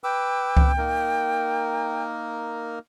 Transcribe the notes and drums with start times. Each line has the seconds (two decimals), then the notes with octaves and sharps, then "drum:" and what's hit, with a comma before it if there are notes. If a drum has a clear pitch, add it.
0.04 B4 G5 D6 E6
0.57 drum: kick C#2
0.78 A#3 D#4 A#4